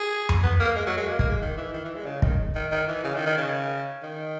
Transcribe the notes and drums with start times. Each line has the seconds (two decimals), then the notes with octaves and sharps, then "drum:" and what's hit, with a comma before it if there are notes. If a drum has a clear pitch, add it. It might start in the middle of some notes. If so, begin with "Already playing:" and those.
Already playing: G#4
0.29 drum: tom F2
0.43 B3
0.60 A#3
0.76 G#3
0.87 F#3
0.97 G#3
1.08 A#3
1.19 A#3, drum: kick
1.30 G#3
1.41 D#3
1.57 E3
1.73 D#3
1.85 E3
1.95 G#3
2.06 C#3
2.22 D#3, drum: kick
2.55 D#3
2.71 D#3
2.88 E3
3.04 C#3
3.15 D#3
3.26 D#3
3.38 C#3
4.02 D#3